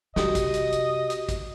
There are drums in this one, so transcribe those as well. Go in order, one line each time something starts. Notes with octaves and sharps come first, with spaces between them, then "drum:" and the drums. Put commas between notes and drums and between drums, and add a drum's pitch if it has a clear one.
C3 F#4 G4 D#5 D#6, drum: snare
drum: kick, hi-hat
drum: hi-hat
drum: hi-hat
drum: hi-hat
drum: kick, hi-hat